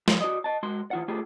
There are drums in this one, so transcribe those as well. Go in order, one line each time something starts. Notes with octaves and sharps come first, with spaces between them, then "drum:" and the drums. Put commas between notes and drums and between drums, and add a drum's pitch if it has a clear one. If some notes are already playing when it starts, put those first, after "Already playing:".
F3, drum: snare
F#4 D5 D#5
D#5 A5
G#3 F#4 C6
E3 F4 F#5
A3 F4 G4 G#4